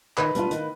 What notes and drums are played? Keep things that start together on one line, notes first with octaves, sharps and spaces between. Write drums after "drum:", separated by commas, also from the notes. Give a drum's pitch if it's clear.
D#3 B4, drum: clap
G3 B3 D4 F4, drum: hi-hat
D#3, drum: hi-hat